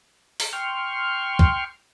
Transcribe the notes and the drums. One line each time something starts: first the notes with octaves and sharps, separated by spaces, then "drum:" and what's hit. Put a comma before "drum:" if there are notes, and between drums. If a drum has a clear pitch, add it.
drum: open hi-hat
G5 C6 C#6 F6
drum: kick C2